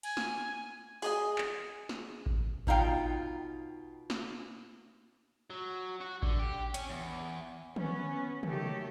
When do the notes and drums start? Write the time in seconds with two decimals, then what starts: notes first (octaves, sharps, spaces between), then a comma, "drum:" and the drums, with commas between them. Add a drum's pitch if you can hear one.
0.03 G#5, drum: cymbal
0.17 drum: snare
1.02 G#4 D#5 G#5, drum: open hi-hat
1.38 drum: clap
1.89 drum: snare
2.26 drum: kick A1
2.67 B2 D#4 F4 F5 G5, drum: kick A1
4.10 drum: snare
5.50 F#3
6.01 F#4
6.22 D3, drum: kick A1
6.39 G4
6.74 C#4, drum: hi-hat
6.90 E2
7.76 B3 C#4, drum: tom
8.43 D#3 F#3 A3 G4 A4, drum: tom